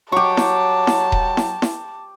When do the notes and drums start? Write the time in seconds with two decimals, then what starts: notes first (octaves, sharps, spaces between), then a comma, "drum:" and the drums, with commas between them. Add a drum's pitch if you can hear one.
0.12 F#3 G4 A5 C#6
0.37 drum: snare E4
0.87 drum: snare E4
1.12 drum: kick D#1
1.37 drum: snare E4
1.62 drum: snare E4